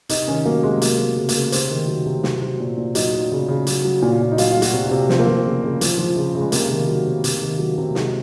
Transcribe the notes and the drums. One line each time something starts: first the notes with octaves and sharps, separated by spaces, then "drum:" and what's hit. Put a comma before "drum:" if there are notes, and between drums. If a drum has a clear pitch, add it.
C3 D#4, drum: hi-hat
D#3 C#4
F#3 A#3
C3 G#3
F#3 A#3, drum: hi-hat
F#3
C#3
A#3, drum: hi-hat
C#3
C3 C4, drum: hi-hat
D#3
F#3
C3
F#3, drum: snare
F#3
A#2
A#2
F#3 D#4, drum: hi-hat
F#3
C#3
C#3
F#3, drum: hi-hat
F#3
A#2
A#2
D#4
F#3 F4, drum: hi-hat
F4
F#3
F#4, drum: hi-hat
C3
F4
C3
F3 C4, drum: snare
A#3
F3 C4
C#3
C#3
F3, drum: hi-hat
F3
C#3
C#3
G#3
C3 A#3, drum: hi-hat
D#3
F#3
C3
C3, drum: hi-hat
D#3
F#3
C3
F#3 G#3, drum: snare